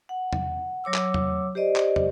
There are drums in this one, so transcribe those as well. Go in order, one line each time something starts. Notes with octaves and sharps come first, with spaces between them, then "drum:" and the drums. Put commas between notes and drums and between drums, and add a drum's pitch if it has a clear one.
F#5
drum: tom
F#3 C#5 D6 E6
drum: clap
drum: tom
G4 C5 D5 D#5
drum: clap
drum: tom